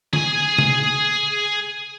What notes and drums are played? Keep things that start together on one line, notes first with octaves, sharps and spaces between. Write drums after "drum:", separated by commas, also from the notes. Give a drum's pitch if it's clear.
G#4 G#5, drum: tom
drum: tom C#3